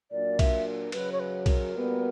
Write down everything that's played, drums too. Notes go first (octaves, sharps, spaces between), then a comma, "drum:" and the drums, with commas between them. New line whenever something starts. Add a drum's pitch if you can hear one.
A#2 F#3 A#3 D4 A#4 D5
E5, drum: kick B1, cymbal
F#2 C#3 F#3 B4, drum: cymbal
C#5
B4
A#4, drum: kick B1, cymbal
A#2 G3 B3 F#4